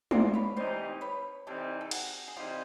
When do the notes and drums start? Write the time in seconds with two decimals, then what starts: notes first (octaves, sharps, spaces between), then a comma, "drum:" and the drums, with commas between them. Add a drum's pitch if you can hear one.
0.11 C5 D5, drum: tom G#3
0.34 B4 C#5
0.57 C3 E3 G3 C4 D#4 C5 D5
1.01 B4 C#5
1.46 C3 E3 G3 C4 D#4 G4 A4
1.81 A4
1.91 F#4 G#4, drum: cymbal
2.28 G#4
2.36 C3 E3 G3 C4 D#4 F4 G4